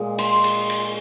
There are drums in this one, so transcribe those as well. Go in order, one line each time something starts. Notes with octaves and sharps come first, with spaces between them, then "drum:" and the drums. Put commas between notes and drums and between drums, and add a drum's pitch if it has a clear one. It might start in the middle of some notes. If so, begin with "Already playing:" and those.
Already playing: A#2 G#3
C6, drum: cymbal
drum: cymbal
drum: cymbal